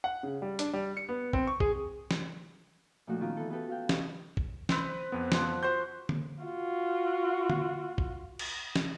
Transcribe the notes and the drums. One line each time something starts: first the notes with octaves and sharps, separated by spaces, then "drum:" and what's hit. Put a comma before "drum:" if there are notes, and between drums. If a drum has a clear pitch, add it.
F#5
C#3
G3
D4, drum: hi-hat
G3
C#7
B3
C4, drum: kick B1
C#6
G#4, drum: kick B1
drum: snare
A#2 F3 A3 D#4 F#4
D#3 B3 C#4 F4 A#4
E3 B3 A4
B3 F#4 G4 A4 B4
F#4 F5 G5
G4 B4 C#5 D#5, drum: snare
drum: kick B1
C4 B4, drum: snare
F2 B3
F3 F#5, drum: snare
F#4 C5 C6 G6
drum: tom D3
F4 F#4
drum: tom D3
drum: kick B1
drum: cymbal
drum: snare